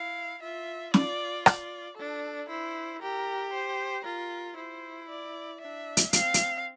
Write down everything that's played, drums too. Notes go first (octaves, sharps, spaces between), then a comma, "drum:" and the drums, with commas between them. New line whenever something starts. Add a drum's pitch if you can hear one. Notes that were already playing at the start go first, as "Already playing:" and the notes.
Already playing: E4 F5
F4 E5
F4 D5, drum: snare
D5, drum: rim click
D4 A4
E4 C5
G4 A#4
C5
F4 A#4
E4 C5
D5
D4 E5
drum: hi-hat
C4 F5, drum: hi-hat
drum: hi-hat